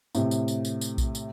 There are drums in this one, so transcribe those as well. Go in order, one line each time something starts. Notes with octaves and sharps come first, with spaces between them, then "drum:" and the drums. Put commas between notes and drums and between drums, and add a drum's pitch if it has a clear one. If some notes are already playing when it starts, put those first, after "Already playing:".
A2 C3, drum: tambourine
drum: tambourine
drum: tambourine
drum: tambourine
drum: tambourine
drum: kick A#1, tambourine
drum: tambourine